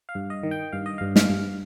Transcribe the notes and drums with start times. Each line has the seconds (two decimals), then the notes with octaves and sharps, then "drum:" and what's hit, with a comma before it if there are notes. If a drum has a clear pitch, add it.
0.09 F5
0.15 G2
0.30 D#5
0.43 D#3
0.51 G5
0.73 G2 F5
0.86 D#5
0.98 G2 F5
1.16 F5, drum: snare
1.30 G2